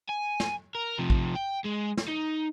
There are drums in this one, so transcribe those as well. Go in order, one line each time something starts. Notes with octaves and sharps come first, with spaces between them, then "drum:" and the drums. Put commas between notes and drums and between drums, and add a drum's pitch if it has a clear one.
G#5
drum: snare
A#4
C3 F3
drum: kick A1
G5
G#3
drum: snare
D#4